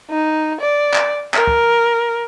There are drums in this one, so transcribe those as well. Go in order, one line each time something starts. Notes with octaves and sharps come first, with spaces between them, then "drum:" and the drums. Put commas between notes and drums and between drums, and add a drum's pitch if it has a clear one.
D#4
D5
drum: clap
A#4, drum: clap
drum: kick